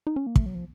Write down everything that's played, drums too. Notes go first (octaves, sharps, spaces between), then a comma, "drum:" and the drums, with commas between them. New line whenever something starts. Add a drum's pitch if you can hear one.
D#4
C#4
A#3
A3, drum: kick
F#3
F3